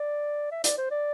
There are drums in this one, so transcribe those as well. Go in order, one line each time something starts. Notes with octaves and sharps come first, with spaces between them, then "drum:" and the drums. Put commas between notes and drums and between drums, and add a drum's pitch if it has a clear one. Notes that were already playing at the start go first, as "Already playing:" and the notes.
Already playing: D5
E5
D5, drum: hi-hat
C5
D5